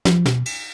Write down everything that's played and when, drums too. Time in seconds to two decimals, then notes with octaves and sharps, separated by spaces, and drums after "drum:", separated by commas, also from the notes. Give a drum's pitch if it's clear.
0.05 F3, drum: snare
0.26 B2, drum: snare
0.46 drum: cymbal